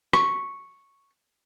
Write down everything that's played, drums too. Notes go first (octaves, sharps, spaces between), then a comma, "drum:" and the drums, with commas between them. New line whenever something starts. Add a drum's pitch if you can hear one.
C#6, drum: rim click